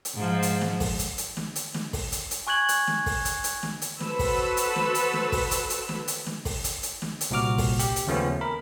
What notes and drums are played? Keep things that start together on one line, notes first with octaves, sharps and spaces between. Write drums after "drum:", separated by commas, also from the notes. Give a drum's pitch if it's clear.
drum: hi-hat
G#2 F3
drum: hi-hat
drum: snare
drum: kick, open hi-hat
drum: hi-hat
drum: hi-hat
drum: snare
drum: hi-hat
drum: snare
drum: kick, open hi-hat
drum: hi-hat
drum: hi-hat
G#5 C#6 F#6 G#6 F#7
drum: hi-hat
drum: snare
drum: kick, open hi-hat
drum: hi-hat
drum: hi-hat
drum: snare
drum: hi-hat
F#4 A4 B4 C5 B5 E6, drum: snare
drum: kick, open hi-hat
drum: hi-hat
drum: snare
drum: hi-hat
drum: snare
drum: kick, open hi-hat
drum: hi-hat
drum: hi-hat
drum: snare
drum: hi-hat
drum: snare
drum: kick, open hi-hat
drum: hi-hat
drum: hi-hat
drum: snare
drum: hi-hat
C2 A#2 F#4 D6 F6
drum: kick, open hi-hat
G4, drum: hi-hat
drum: hi-hat
D#2 C#3 F3 A3 B3 C#4
A#4 B5